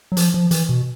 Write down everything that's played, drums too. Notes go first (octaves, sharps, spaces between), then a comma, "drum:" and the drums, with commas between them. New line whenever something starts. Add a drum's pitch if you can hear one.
F#3
F3, drum: hi-hat
F3
E3, drum: hi-hat
B2